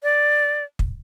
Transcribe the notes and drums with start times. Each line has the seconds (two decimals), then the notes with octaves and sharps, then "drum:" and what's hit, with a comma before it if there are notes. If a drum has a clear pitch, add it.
0.03 D5
0.79 drum: kick